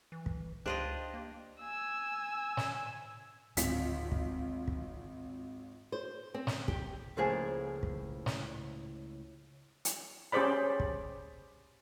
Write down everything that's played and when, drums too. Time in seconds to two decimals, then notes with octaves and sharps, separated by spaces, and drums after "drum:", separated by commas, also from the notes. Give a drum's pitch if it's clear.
0.12 E3
0.26 drum: kick
0.66 C#2 D4 F4 G4 C5 D#5
1.14 A#3
1.60 G#5 E6
2.57 drum: snare
3.57 D1 G#1 F4 B6, drum: hi-hat
4.12 drum: kick
4.68 drum: kick
5.92 C5
6.34 C4
6.47 drum: snare
6.68 G4, drum: kick
7.17 C#2 A2 F3 A#3 G#4 G#5
7.83 drum: kick
8.26 drum: snare
9.85 drum: hi-hat
10.32 C#4 G4 G#4 C5 D5 B5
10.80 drum: kick